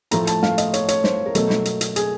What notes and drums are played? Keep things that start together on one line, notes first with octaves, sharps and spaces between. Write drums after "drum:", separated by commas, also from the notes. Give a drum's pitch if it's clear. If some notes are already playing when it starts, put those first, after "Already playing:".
A2 F3 A3 A#5, drum: hi-hat
A5, drum: hi-hat
F5, drum: snare
D#5, drum: hi-hat
C#5, drum: hi-hat
C#5, drum: hi-hat
C5, drum: snare
A#4
B2 F#3 A3 A4, drum: hi-hat
drum: snare
drum: hi-hat
drum: hi-hat
G#4, drum: hi-hat